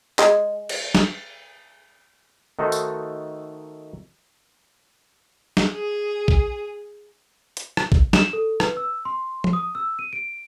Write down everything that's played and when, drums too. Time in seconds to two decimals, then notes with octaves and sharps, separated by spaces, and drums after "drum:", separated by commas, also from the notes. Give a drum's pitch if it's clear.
0.19 G#3, drum: clap
0.69 drum: cymbal
0.95 drum: snare
2.59 D#3 A3 D#4 F#4 A4 C5
2.72 drum: tambourine
5.57 drum: snare
5.72 G#4
6.28 drum: kick
7.57 drum: hi-hat
7.77 drum: rim click
7.92 drum: kick
8.13 E7, drum: snare
8.33 A4
8.60 B4, drum: rim click
8.77 E6
9.05 C6
9.44 drum: tom F3
9.53 D#6
9.75 E6
9.99 D#7
10.13 D7